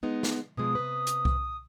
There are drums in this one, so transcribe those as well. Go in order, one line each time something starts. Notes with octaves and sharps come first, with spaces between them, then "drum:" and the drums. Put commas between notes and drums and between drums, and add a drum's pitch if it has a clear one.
G#3 B3 D#4
drum: snare
B2 F3 G#3 D#6
C3 B4
drum: hi-hat
drum: kick C2